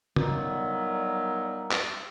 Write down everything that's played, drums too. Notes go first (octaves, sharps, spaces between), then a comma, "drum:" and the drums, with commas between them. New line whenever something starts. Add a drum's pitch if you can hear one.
A#2 D3 D#3 F#3 G3 B3, drum: tom C#3
drum: clap